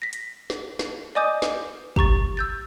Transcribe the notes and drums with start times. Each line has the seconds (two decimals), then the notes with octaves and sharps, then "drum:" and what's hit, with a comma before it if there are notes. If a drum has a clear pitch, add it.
0.02 A#6 B6
0.13 drum: hi-hat
0.50 drum: snare
0.79 drum: snare
1.15 D5 D#5 G#5 D6 D#6 G6
1.42 drum: snare
1.96 G4 A#5 C#6 A6, drum: kick
2.37 E6 G6 A6